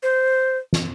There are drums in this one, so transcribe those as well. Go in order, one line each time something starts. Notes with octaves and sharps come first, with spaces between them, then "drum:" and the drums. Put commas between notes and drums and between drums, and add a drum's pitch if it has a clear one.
C5
drum: snare